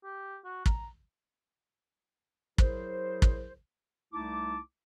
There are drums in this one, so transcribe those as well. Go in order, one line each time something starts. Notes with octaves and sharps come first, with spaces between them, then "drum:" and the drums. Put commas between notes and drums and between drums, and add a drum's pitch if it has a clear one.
G4
F#4
A#5, drum: kick
F#3 E4 G#4 A#4 C5, drum: kick
drum: kick
C2 A3 D#4 E4 A5 D6